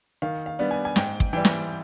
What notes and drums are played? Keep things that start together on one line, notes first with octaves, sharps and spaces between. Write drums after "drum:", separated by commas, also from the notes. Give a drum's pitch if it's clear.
D#3 F5
F5
G3 B3 D4
G#5
G#5
G#2 G5, drum: snare
drum: kick
E3 G3 G5
drum: snare